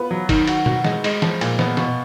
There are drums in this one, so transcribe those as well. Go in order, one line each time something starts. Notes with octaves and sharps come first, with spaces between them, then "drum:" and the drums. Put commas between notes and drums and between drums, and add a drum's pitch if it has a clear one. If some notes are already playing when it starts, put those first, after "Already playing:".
Already playing: B3 F4 B4
F#3
D#3, drum: kick F#1, cymbal
F#4, drum: cymbal
F#4, drum: tom B2
G#3, drum: snare
G#3, drum: cymbal
F3, drum: snare
A#2, drum: cymbal
B3, drum: snare
B2, drum: snare